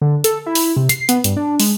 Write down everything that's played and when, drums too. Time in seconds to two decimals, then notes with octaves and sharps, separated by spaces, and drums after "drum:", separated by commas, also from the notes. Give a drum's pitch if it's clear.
0.01 D3
0.24 A4, drum: hi-hat
0.46 E4
0.55 drum: open hi-hat
0.77 C3
0.89 C7, drum: hi-hat
1.09 B3, drum: hi-hat
1.24 G2, drum: hi-hat
1.37 D4
1.60 G#3, drum: open hi-hat